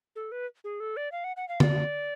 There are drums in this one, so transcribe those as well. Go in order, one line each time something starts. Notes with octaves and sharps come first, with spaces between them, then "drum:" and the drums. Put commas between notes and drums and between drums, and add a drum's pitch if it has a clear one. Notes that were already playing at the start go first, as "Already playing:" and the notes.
A4
B4
G#4
A4
D5
F5
F#5
F#5
F5
D5, drum: tom D3